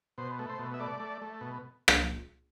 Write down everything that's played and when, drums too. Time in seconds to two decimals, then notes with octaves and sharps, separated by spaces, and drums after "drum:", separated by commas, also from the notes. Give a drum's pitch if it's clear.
0.18 B2 C5
0.39 A3
0.49 C5
0.59 B2
0.74 E5
0.80 A3 D5
1.00 A3
1.22 A3
1.41 B2
1.88 drum: rim click